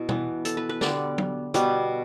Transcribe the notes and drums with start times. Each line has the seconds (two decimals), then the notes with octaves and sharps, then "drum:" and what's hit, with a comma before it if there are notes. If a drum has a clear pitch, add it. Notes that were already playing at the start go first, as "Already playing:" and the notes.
Already playing: B2 E4
0.09 E3 B3, drum: tom B2
0.45 A4, drum: hi-hat
0.57 B4
0.69 B4
0.81 D3 G3 B3 D5, drum: snare
1.18 drum: tom F#3
1.54 B2 G3 B3 B4, drum: hi-hat